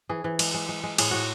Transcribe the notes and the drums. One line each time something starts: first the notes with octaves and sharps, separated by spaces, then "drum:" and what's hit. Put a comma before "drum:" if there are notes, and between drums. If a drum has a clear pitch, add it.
E3 G#4
E3
G#3, drum: cymbal
G#3
G#3
G#3
A2 G#4, drum: cymbal
A2 F#4